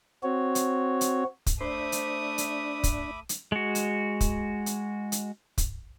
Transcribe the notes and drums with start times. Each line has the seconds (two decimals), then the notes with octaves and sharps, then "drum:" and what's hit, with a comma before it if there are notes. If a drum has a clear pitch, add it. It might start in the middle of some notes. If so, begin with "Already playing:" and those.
0.23 C4 F#4 C#5
0.55 drum: hi-hat
1.01 drum: hi-hat
1.46 drum: kick, hi-hat
1.61 A3 D4 C5 E5 B5 D6 D#6
1.92 drum: hi-hat
2.38 drum: hi-hat
2.84 drum: kick, hi-hat
3.29 drum: hi-hat
3.52 G#3 F#4
3.75 drum: hi-hat
4.21 drum: kick, hi-hat
4.66 drum: hi-hat
5.12 drum: hi-hat
5.58 drum: kick, hi-hat